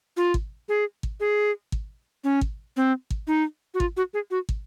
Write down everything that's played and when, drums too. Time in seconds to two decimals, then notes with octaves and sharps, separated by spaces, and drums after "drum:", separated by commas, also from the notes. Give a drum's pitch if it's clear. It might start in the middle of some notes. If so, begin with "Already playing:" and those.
0.17 F4
0.34 drum: kick
0.69 G#4
1.03 drum: kick
1.20 G#4
1.72 drum: kick
2.24 C#4
2.41 drum: kick
2.77 C4
3.10 drum: kick
3.27 D#4
3.74 F#4
3.80 F4, drum: kick
3.97 F#4
4.14 G#4
4.31 F#4
4.49 drum: kick